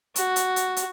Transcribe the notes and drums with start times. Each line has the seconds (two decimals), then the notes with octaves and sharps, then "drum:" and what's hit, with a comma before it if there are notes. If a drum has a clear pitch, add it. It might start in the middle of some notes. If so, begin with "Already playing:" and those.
0.16 F#4, drum: hi-hat
0.36 drum: hi-hat
0.56 drum: hi-hat
0.76 drum: hi-hat